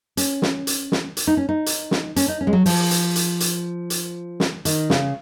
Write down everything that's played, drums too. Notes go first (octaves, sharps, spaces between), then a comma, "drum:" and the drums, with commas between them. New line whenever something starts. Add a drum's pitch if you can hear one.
C#4, drum: hi-hat
drum: snare
drum: hi-hat
drum: snare
drum: hi-hat
D#4
C#4
D#4
drum: hi-hat
drum: snare
C#4, drum: hi-hat
D#4
C#4
G#3
F#3
F3, drum: open hi-hat
drum: hi-hat
drum: hi-hat
drum: hi-hat
drum: hi-hat
drum: snare
D#3, drum: hi-hat
C#3, drum: snare